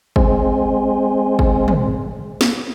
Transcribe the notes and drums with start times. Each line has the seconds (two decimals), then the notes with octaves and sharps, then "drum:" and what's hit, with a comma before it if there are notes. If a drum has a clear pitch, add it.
0.16 G#3 C4, drum: kick
1.39 drum: kick
1.68 drum: tom
2.41 drum: snare